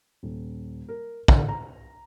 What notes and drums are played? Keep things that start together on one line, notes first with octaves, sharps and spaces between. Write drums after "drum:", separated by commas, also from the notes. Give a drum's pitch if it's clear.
D#1
A#4
D3, drum: kick
A#5